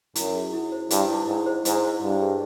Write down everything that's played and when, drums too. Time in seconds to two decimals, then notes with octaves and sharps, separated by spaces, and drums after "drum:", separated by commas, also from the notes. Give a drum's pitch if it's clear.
0.15 F#2 E4, drum: hi-hat
0.35 G#4
0.53 E4
0.72 C5
0.90 G2 E4, drum: hi-hat
1.09 E4
1.27 G#2 E4
1.46 C5
1.65 G#2 E4, drum: hi-hat
1.83 C5
2.02 G2 C5
2.21 G#4